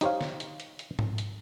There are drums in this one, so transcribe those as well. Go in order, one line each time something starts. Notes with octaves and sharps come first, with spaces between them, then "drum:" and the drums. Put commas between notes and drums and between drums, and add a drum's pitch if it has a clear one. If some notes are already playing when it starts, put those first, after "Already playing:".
D#4 G4 C5 C#5 F5, drum: hi-hat
drum: snare
drum: hi-hat
drum: hi-hat
drum: hi-hat
drum: tom G#2
drum: hi-hat